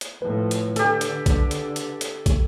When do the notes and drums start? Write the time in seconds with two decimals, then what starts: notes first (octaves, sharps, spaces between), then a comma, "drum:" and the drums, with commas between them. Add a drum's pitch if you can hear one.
0.01 drum: hi-hat
0.22 A2 F3 B4
0.51 drum: hi-hat
0.76 D3 G4 A4, drum: hi-hat
1.01 drum: hi-hat
1.26 drum: kick, hi-hat
1.51 drum: hi-hat
1.76 drum: hi-hat
2.01 drum: hi-hat
2.26 drum: kick, hi-hat